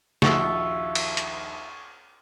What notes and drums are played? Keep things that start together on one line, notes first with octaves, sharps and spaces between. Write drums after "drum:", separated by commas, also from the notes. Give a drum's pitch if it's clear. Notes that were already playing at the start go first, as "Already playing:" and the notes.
A#1 D#2 F4 F#4 E5 C#6, drum: snare
drum: cymbal
drum: hi-hat